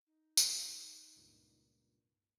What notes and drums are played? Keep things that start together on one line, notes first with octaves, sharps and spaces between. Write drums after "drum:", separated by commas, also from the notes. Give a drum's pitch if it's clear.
D#4
drum: tambourine
C#2 G2 A#2